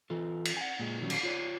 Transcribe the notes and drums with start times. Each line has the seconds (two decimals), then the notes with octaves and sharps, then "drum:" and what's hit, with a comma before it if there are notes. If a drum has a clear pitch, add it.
0.10 E3 F4 A4
0.45 drum: cymbal
0.57 F#5 G#5
0.80 A#2 G#3
1.01 A#2 D#3 F#3 G3 C#4
1.10 drum: cymbal
1.23 F4 C#5 D5